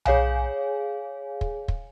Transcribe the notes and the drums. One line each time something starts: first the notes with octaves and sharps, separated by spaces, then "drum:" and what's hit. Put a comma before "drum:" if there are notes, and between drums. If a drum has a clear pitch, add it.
G#4 C#5 F5 G#5, drum: tom B1
drum: kick
drum: kick